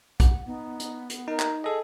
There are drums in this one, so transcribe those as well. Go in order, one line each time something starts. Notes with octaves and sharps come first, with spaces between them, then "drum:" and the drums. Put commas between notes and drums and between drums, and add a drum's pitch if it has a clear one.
F#5, drum: kick, hi-hat
B3 D#4
drum: hi-hat
drum: hi-hat
D#4 A#4
drum: clap
G#4 A4 D#5